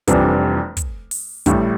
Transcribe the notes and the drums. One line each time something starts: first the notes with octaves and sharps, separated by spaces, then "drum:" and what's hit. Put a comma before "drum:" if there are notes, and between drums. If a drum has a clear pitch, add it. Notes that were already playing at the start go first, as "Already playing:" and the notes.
F1 F2 E3 G3 D4, drum: kick, hi-hat
drum: kick, hi-hat
drum: open hi-hat
A1 A2 G3, drum: kick, hi-hat